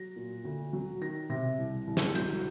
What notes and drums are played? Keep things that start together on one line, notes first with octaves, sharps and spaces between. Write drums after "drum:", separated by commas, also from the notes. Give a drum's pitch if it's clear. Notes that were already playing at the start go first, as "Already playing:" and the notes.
Already playing: F#3 A#6
A#2
D2
F#3
D#3 A#6
C3 A#6
C2
C2
drum: snare
F#3 G6, drum: hi-hat